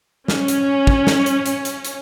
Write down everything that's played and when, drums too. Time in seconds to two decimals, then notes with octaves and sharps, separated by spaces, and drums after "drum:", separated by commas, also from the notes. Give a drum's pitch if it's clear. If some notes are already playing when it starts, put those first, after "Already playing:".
0.28 C#4, drum: snare
0.48 drum: hi-hat
0.87 drum: kick
1.07 drum: snare
1.26 drum: hi-hat
1.46 drum: hi-hat
1.65 drum: hi-hat
1.85 drum: hi-hat